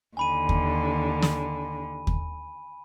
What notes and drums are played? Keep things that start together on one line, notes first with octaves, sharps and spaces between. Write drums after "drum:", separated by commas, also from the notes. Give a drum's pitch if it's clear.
D#2 D3 G#5 B5 D#7
drum: kick
drum: snare
drum: kick